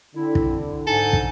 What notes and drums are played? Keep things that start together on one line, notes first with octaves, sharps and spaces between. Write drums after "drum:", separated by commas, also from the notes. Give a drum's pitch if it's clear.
D3 C4 E4
drum: kick
G#2 D#4 A4 G#5
drum: kick